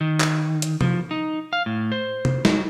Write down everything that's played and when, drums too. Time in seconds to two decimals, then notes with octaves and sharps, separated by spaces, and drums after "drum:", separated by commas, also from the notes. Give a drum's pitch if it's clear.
0.01 D#3
0.20 drum: clap
0.62 drum: hi-hat
0.81 F3, drum: tom
1.11 D#4
1.53 F5
1.66 A2
1.92 C5
2.25 drum: tom
2.45 F#3, drum: snare